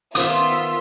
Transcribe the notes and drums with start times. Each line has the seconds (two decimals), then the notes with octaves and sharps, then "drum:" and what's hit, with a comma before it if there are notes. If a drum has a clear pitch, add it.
0.15 D#3 B3 F4 A#4 C5 E5 D#6, drum: hi-hat